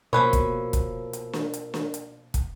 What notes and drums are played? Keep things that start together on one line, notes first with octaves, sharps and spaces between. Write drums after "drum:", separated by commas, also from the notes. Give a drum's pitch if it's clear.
B2 F3 A#3 A#4 B4 C#5 B5
drum: kick, hi-hat
drum: kick, hi-hat
drum: hi-hat
drum: snare
drum: hi-hat
drum: snare
drum: hi-hat
drum: kick, hi-hat